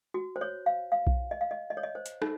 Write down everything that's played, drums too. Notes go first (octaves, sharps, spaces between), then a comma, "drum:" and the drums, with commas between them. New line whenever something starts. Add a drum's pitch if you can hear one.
F#4
C5
C#5
F5
F5
drum: kick B1
D#5
F5
D#5
D#5
C#5
D#5
C5
drum: hi-hat
D#4, drum: rim click